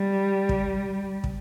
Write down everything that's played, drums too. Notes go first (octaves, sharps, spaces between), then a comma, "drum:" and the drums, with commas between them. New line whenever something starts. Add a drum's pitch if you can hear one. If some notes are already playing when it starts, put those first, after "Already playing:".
Already playing: G3
drum: kick
drum: kick